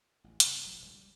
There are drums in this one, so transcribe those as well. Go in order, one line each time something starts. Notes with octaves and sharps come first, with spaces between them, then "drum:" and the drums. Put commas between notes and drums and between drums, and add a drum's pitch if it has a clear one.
A1 E2
F#1 C3 C4, drum: hi-hat
E1 A1 F3 G3
D1 C#2 G2 C#3
G3